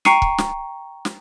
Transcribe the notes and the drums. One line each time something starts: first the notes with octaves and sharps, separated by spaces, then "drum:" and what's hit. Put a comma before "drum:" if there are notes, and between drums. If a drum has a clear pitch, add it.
G5 A#5 C#6 C7 C#7 D#7, drum: snare
drum: kick
drum: snare
drum: snare